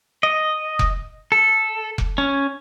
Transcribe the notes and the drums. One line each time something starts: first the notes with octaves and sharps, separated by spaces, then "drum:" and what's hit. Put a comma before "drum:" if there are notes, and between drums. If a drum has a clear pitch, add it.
D#5
drum: kick F1
A4
drum: kick F1
C#4